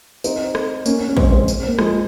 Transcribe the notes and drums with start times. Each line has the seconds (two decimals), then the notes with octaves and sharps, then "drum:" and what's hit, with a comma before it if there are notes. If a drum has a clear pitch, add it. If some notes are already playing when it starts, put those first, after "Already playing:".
0.24 C4 D#4, drum: tambourine
0.55 drum: rim click
0.86 A#3 C#4, drum: tambourine
1.09 C#4
1.17 G#3 C4, drum: kick
1.32 G#3 C4
1.48 drum: tambourine
1.68 A#3
1.79 F3 G#3, drum: rim click